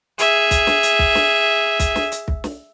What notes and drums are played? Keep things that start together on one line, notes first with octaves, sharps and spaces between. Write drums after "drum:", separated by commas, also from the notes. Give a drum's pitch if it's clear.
G#4 E5, drum: hi-hat
drum: kick, hi-hat
drum: snare
drum: hi-hat
drum: kick
drum: snare
drum: kick, hi-hat
drum: snare
drum: hi-hat
drum: kick
drum: snare